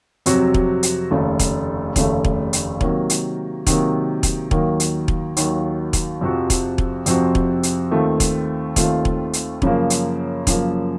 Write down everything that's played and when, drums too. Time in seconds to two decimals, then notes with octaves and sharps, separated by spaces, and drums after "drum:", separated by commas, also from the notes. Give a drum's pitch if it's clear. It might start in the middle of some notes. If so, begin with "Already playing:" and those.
0.26 F2 C3 F#3 C4 F#4, drum: hi-hat
0.54 drum: kick E1
0.83 drum: hi-hat
1.11 F1 D#2 C#3 A3
1.39 drum: kick E1, hi-hat
1.96 F1 D#2 C#3 A3, drum: kick E1, hi-hat
2.25 drum: kick E1
2.53 drum: hi-hat
2.81 C3 D#3 F#3 A#3, drum: kick E1
3.10 drum: hi-hat
3.67 C3 D#3 F#3 A#3, drum: kick E1, hi-hat
4.23 drum: kick E1, hi-hat
4.51 D#2 D#3 F#3 A#3, drum: kick E1
4.80 drum: hi-hat
5.08 drum: kick E1
5.37 D#2 D#3 F#3 A#3, drum: hi-hat
5.93 drum: kick E1, hi-hat
6.21 F2 C3 F3 C4 F#4
6.50 drum: kick E1, hi-hat
6.78 drum: kick E1
7.06 F2 C3 F3 C4 F#4, drum: hi-hat
7.35 drum: kick E1
7.63 drum: hi-hat
7.91 D#2 D#3 A3 C4 F4
8.20 drum: kick E1, hi-hat
8.76 D#2 D#3 A3 C4 F4, drum: kick E1, hi-hat
9.05 drum: kick E1
9.33 drum: hi-hat
9.62 F#2 C#3 F3 A#3, drum: kick E1
9.90 drum: hi-hat
10.47 F#2 C#3 F3 A#3, drum: kick E1, hi-hat